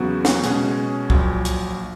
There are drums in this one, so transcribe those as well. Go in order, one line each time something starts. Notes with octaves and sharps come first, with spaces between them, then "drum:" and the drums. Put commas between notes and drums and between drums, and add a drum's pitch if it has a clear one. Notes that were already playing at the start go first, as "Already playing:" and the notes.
Already playing: E2 C#3 F#3 B3 F#4
drum: snare
B2 G#3 C#4 G#4 C#5, drum: hi-hat
A#1 A#2 F#3, drum: kick C2
drum: hi-hat